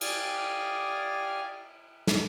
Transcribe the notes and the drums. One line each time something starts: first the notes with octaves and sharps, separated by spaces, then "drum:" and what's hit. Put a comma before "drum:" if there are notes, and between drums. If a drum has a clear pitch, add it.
G4 D5 F5 G#5 D#6 F6, drum: cymbal
drum: snare